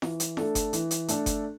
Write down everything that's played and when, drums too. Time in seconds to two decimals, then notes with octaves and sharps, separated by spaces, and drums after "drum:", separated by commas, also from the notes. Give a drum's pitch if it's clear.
0.02 E3, drum: snare
0.20 drum: hi-hat
0.37 A3 D4 A4, drum: snare
0.55 drum: kick F#1, hi-hat
0.73 E3, drum: hi-hat
0.91 drum: hi-hat
1.08 A3 D4 A4, drum: hi-hat
1.26 drum: kick F#1, hi-hat